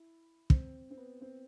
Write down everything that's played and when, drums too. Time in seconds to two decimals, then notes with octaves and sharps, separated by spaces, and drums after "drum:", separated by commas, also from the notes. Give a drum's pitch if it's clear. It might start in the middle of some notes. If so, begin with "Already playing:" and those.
Already playing: E4
0.50 C4, drum: kick
0.91 C4
0.97 B3
1.21 C4